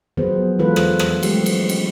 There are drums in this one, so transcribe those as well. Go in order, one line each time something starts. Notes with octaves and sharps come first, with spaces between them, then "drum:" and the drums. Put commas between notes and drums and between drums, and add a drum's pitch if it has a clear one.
F3 F#3 B3 G#4 B4 C5
E3 G#3 F4 A4 B4
drum: rim click
F3
drum: rim click
F#3 G#3 A3 G4, drum: cymbal
drum: cymbal
drum: cymbal